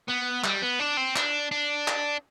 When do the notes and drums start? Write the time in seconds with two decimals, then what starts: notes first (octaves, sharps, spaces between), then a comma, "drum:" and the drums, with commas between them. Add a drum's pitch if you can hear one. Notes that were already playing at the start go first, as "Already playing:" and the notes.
0.08 B3
0.44 G3, drum: clap
0.62 B3
0.79 D4
0.97 C4
1.16 D4, drum: clap
1.52 D4
1.88 drum: clap